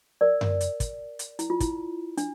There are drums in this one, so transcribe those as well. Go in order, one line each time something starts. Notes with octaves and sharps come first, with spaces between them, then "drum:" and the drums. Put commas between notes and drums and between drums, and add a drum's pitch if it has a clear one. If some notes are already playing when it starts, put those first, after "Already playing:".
A#4 D5
drum: tom F#2
drum: hi-hat
drum: kick, hi-hat
drum: hi-hat
E4, drum: hi-hat
F4
E4, drum: kick, hi-hat
D4, drum: hi-hat